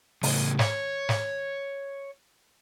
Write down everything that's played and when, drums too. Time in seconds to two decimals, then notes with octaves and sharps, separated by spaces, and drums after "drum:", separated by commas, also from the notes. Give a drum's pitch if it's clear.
0.23 A2 C#3, drum: open hi-hat
0.59 C#5, drum: snare
1.09 drum: snare